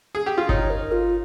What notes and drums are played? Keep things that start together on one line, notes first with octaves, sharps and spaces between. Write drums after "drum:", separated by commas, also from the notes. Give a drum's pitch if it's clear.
G#4
G4
F4
D#4 C#5, drum: kick G1
A#4
F4